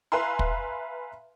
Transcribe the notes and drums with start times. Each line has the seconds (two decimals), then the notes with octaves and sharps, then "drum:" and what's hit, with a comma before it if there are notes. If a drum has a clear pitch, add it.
0.12 B4 E5 F5 G#5 A#5 C6
0.39 drum: kick